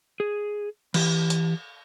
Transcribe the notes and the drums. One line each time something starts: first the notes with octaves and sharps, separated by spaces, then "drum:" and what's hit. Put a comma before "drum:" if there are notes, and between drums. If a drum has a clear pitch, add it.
G#4
E3 G4, drum: cymbal
drum: hi-hat